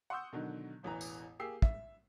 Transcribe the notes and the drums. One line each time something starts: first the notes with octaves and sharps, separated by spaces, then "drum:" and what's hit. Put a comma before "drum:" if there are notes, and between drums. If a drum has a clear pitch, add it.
F#5 C6 C#6 D#6 E6 G6
B2 D3 D#3 F#3
E1 A1 E3 A#5
drum: tambourine
A#3 G4 G#4 E6 C7
E5, drum: kick